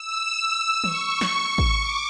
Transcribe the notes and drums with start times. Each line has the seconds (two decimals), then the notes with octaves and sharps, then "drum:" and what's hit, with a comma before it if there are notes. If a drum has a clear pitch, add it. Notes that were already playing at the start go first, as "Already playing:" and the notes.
Already playing: E6
0.84 C#6, drum: tom
1.21 drum: snare
1.58 drum: kick
1.79 D6